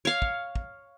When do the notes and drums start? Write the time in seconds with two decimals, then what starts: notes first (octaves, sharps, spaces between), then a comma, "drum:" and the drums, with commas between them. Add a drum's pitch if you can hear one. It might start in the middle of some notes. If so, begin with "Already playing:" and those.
0.05 C#5 F5
0.22 drum: kick
0.55 drum: kick